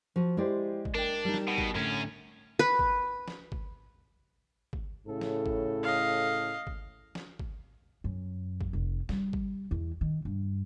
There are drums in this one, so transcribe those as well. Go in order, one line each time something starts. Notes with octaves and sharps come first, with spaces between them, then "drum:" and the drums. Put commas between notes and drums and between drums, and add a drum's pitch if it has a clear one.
F3 F#4
G#3 E4 G4 C5 D5
drum: kick G#1
D4 A#4 G5
G3 D#4
drum: snare
B2
drum: kick G#1
F#2 A2 D3 C#4
B4
drum: kick G#1
drum: snare
drum: kick G#1
drum: kick G#1
A2 C#3 A4
drum: snare
drum: kick G#1
D#5 F5
drum: kick G#1
drum: snare
drum: kick G#1
F#2
drum: kick G#1
F1
G3, drum: snare
drum: kick G#1
E2
D#3
G2